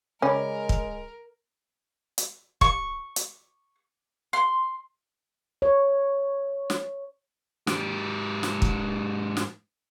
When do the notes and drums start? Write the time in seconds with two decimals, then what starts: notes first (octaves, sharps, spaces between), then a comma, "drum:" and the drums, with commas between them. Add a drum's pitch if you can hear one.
0.22 C#3 G#3 C#4 A#4 D5 B5
0.69 drum: kick
2.18 drum: hi-hat
2.61 C#6, drum: kick
3.16 drum: hi-hat
4.33 C6
5.62 C#5
6.70 drum: snare
7.67 G#2 G4, drum: snare
8.43 drum: snare
8.62 drum: kick
9.37 drum: snare